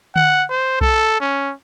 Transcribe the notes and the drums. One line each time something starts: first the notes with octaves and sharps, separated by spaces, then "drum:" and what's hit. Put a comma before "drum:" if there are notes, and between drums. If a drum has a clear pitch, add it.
F#5, drum: tom D3
C5
A4, drum: kick B1
C#4